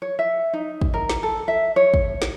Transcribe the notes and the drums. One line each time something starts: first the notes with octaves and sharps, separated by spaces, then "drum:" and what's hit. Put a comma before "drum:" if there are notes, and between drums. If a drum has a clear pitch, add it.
C#5
E5
D#4
drum: kick
A#4
drum: snare
A4
E5
C#5
drum: kick
drum: snare